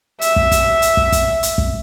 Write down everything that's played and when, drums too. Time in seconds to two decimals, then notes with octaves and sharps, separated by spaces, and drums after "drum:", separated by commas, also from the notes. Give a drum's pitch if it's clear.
0.21 E5, drum: hi-hat
0.36 drum: kick
0.52 drum: kick, hi-hat
0.82 drum: hi-hat
0.97 drum: kick
1.12 drum: kick, hi-hat
1.43 drum: hi-hat
1.58 drum: kick